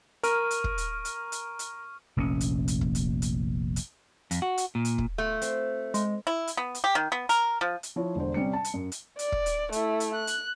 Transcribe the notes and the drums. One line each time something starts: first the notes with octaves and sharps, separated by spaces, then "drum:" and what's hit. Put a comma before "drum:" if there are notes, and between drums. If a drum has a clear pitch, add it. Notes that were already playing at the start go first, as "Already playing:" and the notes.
A#4 C#6 F6 D#7, drum: hi-hat
drum: hi-hat
drum: kick
drum: hi-hat
drum: hi-hat
drum: hi-hat
drum: hi-hat
F1 A#1 A#3 C#4
drum: hi-hat
drum: hi-hat
drum: kick
drum: hi-hat
drum: hi-hat
drum: hi-hat
F2, drum: hi-hat
F#4
drum: hi-hat
A#2
drum: hi-hat
drum: kick
A3 F4
C4, drum: hi-hat
G#3, drum: hi-hat
E4
drum: hi-hat
B3
drum: hi-hat
G4
D#3
B3
A#4, drum: hi-hat
F3
drum: hi-hat
F3 E4 C#5
E1 D3 C5
C3 G3 C#4 C#7
A5
drum: hi-hat
F#2
drum: hi-hat
D5, drum: hi-hat
drum: kick
drum: hi-hat
A3 E4, drum: hi-hat
drum: hi-hat
F#6
drum: hi-hat